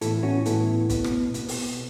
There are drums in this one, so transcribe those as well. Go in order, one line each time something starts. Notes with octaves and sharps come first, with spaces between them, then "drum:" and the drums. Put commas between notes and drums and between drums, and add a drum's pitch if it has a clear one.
A2 E3 B3 E4 A4, drum: hi-hat
C#4 F#4
A2 E3 B3 E4 A4, drum: hi-hat
B2 B3, drum: kick, hi-hat
drum: rim click
B2 B3, drum: hi-hat
drum: open hi-hat